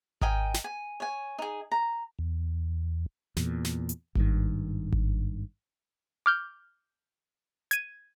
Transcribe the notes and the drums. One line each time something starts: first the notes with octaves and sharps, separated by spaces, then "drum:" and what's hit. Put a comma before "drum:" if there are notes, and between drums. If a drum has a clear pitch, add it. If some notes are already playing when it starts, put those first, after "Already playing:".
A#4 D#5 G5 G#5, drum: kick G#1
drum: snare
G#5
C#5 G#5
D#4 G#4
A#5
E2
E2 A#2, drum: snare
drum: snare
drum: hi-hat
G#1 G2 A#2 D#3, drum: kick G#1
drum: kick G#1
D6 F6 G6
G#6 D#7, drum: hi-hat